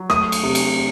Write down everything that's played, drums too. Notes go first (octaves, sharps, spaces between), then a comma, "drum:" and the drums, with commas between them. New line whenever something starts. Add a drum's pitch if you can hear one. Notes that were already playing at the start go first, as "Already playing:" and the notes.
Already playing: F#3
A3 D#6, drum: rim click
drum: cymbal
C3
drum: cymbal